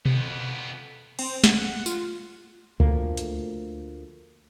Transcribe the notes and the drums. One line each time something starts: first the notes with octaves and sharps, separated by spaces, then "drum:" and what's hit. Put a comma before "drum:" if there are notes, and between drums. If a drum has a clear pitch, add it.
F2 B3, drum: tom B2
C4, drum: cymbal
F#5, drum: snare
F4, drum: tambourine
D2 F3 A3 A#3, drum: kick C#2
drum: hi-hat